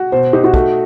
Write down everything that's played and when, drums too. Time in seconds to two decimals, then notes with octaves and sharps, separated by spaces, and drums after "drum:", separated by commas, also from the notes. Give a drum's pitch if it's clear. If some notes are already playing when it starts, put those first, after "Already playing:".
Already playing: F#4
0.12 B2 C5
0.33 D#4 G4
0.44 F#4
0.54 A3, drum: kick